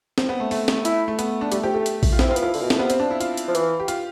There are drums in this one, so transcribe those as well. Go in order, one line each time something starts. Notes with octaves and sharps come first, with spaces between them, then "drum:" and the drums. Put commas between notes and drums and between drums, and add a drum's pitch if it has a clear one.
C4, drum: snare
B3
A3
A3, drum: open hi-hat
drum: snare
E4, drum: hi-hat
A3
B3, drum: hi-hat
D4
G3 A3, drum: hi-hat
F3 G4
A3 G4
drum: hi-hat
drum: kick A#1, open hi-hat
F4
F3 E4, drum: snare
C4
F4
B3, drum: hi-hat
F3 F4
D3, drum: open hi-hat
B2
A2, drum: snare
C3 B3
C4, drum: hi-hat
D4
E4
F4, drum: hi-hat
drum: hi-hat
F3
E3, drum: hi-hat
G4
F4, drum: hi-hat